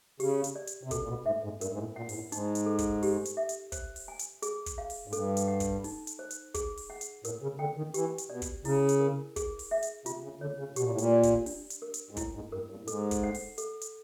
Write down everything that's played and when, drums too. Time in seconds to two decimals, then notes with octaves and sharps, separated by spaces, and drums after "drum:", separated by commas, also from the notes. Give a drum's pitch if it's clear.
0.20 C#3 G4, drum: open hi-hat
0.44 drum: hi-hat
0.56 D5
0.67 drum: hi-hat
0.83 C3
0.91 B2 A4, drum: kick, hi-hat
1.03 A#2
1.08 B2
1.26 G#2 E5
1.43 G#2
1.61 G2 A#4, drum: hi-hat
1.73 G#2
1.79 A2
1.96 A#2 F#5
2.09 G#2, drum: open hi-hat
2.14 A2
2.32 G#2 D#4, drum: hi-hat
2.55 drum: hi-hat
2.66 A4
2.78 drum: kick, hi-hat
3.03 G4, drum: open hi-hat
3.25 drum: hi-hat
3.37 E5
3.49 drum: hi-hat
3.72 C5, drum: kick, hi-hat
3.96 drum: open hi-hat
4.08 G#5
4.19 drum: hi-hat
4.42 G#4, drum: hi-hat
4.66 drum: kick, hi-hat
4.78 F5
4.90 drum: open hi-hat
5.08 G#2
5.13 G2 A4, drum: hi-hat
5.37 drum: hi-hat
5.48 F#5
5.60 drum: kick, hi-hat
5.84 D#4, drum: open hi-hat
6.07 drum: hi-hat
6.19 C5
6.30 drum: hi-hat
6.54 G#4, drum: kick, hi-hat
6.77 drum: open hi-hat
6.90 F#5
7.01 drum: hi-hat
7.24 A2 A#4, drum: hi-hat
7.42 C#3
7.59 D3 G5
7.77 D#3
7.94 E3 G4, drum: hi-hat
8.18 drum: hi-hat
8.30 B2 D5
8.42 drum: kick, hi-hat
8.65 C#3 E4, drum: open hi-hat
8.89 drum: hi-hat
9.00 A#4
9.36 G#4, drum: kick, hi-hat
9.59 drum: open hi-hat
9.71 E5
9.82 drum: hi-hat
10.06 C3 F4, drum: hi-hat
10.23 C#3
10.41 D3 C#5
10.59 C#3
10.76 B2 G4, drum: hi-hat
10.84 A#2
10.91 A2
10.98 A#2, drum: hi-hat
11.12 D5
11.23 drum: kick, hi-hat
11.46 D4, drum: open hi-hat
11.70 drum: hi-hat
11.82 A#4
11.94 drum: hi-hat
12.11 G#2
12.17 A2 E4, drum: kick, hi-hat
12.35 G#2
12.52 G2 A#4
12.70 G2
12.83 A2
12.87 G#2 A4, drum: hi-hat
13.11 drum: kick, hi-hat
13.23 F#5
13.34 drum: open hi-hat
13.58 A4, drum: hi-hat
13.81 drum: hi-hat